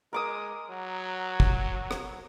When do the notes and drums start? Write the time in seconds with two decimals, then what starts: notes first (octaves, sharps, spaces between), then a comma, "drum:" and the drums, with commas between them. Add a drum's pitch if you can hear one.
0.13 G#3 A#4 D6 D#6
0.71 F#3
1.40 drum: kick
1.91 drum: rim click